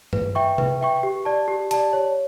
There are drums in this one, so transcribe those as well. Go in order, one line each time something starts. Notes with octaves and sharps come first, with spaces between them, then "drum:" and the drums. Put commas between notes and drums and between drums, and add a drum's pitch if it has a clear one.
B4, drum: tom G2
E5 G5 C#6
B4, drum: tom C3
E5 G5 C#6
G4
D5 A5
G4
D5 A5, drum: hi-hat
C#5